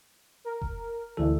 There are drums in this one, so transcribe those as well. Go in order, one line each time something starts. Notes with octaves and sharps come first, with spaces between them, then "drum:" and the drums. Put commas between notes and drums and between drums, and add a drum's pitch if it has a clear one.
A#4
drum: kick F1
D2 E3 A4